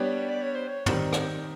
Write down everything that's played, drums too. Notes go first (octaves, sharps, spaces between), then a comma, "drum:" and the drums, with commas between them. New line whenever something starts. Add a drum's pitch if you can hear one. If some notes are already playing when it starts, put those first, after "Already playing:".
Already playing: G3 B3 D4 G4 C#5
D5
C#5
C5
C#5
D#3 G3 C4, drum: tom
drum: rim click